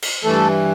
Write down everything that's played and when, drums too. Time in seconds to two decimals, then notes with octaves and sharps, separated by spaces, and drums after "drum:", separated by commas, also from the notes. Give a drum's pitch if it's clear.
0.02 drum: cymbal
0.24 G2 E3 A3 A4